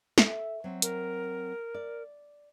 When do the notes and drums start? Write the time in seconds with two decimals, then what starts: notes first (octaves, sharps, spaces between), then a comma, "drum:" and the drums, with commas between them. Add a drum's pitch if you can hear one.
0.18 A4 E5, drum: snare
0.64 F#3 C4
0.82 A#4, drum: hi-hat
1.74 D5